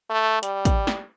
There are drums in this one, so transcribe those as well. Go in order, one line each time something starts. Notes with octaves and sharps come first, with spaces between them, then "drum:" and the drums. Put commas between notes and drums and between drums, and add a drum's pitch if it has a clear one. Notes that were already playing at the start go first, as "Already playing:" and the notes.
A3
G3, drum: hi-hat
drum: kick, hi-hat
drum: snare